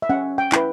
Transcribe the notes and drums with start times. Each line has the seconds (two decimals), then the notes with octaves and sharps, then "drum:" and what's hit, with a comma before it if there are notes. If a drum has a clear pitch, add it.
0.02 E5
0.10 C#4 F#5
0.38 G5
0.52 E4 B4, drum: clap